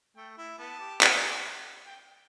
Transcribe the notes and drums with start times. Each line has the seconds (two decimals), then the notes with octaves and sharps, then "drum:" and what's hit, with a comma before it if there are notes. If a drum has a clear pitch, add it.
0.16 A3 G5
0.37 E4
0.58 B3 A5
0.79 G4
1.01 drum: clap
1.86 G5